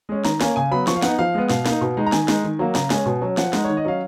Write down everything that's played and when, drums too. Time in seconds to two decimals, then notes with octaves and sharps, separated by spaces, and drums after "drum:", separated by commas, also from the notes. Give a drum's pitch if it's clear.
0.09 G#3 C#4
0.25 D#3 A#5, drum: snare
0.41 A#3 C#4 G#5, drum: snare
0.56 C#3 G#5
0.71 F#3 B3 B5
0.87 F3 C#6, drum: snare
0.95 F5
1.02 B3 D#4 F#5, drum: snare
1.19 F3 F5
1.34 G#3 B3
1.50 B2 F5, drum: snare
1.66 A#3 D#4, drum: snare
1.81 B2
1.97 G#3 D#4
2.07 A#5
2.12 D#3 G#5, drum: snare
2.28 G#3 D#4, drum: snare
2.44 D#3
2.59 F#3 A#3
2.75 C#3 A#5, drum: snare
2.90 G#3 C#4 G#5, drum: snare
3.06 B2
3.22 F#3 C#4
3.37 F3 F#5, drum: snare
3.53 G#3 D#4, drum: snare
3.64 D#3 C#5
3.77 D#5
3.85 F#3 C#4 F5